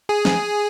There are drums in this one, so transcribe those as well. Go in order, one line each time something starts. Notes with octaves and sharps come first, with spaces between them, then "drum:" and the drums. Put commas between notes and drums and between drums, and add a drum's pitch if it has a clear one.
G#4 G#5
drum: snare